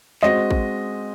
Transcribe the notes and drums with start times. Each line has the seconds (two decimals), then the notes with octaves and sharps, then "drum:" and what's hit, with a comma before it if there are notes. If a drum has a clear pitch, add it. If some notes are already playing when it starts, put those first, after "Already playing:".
0.23 G#3 C4 F#4 D#5, drum: clap
0.51 drum: kick